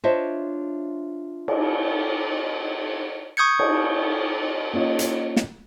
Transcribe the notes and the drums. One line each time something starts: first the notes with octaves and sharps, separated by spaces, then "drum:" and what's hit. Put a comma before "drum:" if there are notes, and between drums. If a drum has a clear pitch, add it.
D4 F4 C5 C#5 D#5 E5
drum: cymbal
C#6 D#6 G6 G#6 C#7
drum: cymbal
A#3 C#4 F4 C#5 D#5
drum: hi-hat
drum: snare